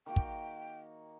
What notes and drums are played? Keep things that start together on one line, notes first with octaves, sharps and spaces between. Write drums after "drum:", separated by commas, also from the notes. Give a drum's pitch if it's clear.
D#3 A#3 F#4 G5
drum: kick